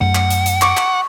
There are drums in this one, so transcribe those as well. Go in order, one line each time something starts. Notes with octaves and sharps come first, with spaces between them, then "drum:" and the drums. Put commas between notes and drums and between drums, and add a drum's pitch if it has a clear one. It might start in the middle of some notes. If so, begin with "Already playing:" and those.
F#2 A3 F#5
drum: clap
drum: hi-hat
drum: hi-hat
C#6 D6, drum: clap
drum: clap